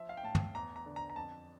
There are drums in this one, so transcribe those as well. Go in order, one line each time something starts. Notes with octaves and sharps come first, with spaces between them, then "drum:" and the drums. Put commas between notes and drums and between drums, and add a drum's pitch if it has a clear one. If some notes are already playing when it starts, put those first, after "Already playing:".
Already playing: F3 E5
F5
G5
A2 A5
drum: tom
E2 A#5
A#5
D3
A#5
A#5
F2 A5